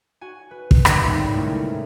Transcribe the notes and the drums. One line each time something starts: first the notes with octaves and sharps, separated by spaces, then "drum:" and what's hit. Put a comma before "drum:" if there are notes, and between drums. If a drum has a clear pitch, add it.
F#4 G#5
B4
drum: kick
D#1, drum: rim click
D#2 G#2 D3 G3 C4 C#4
C3 G#3 A3 C#4 E4 A#4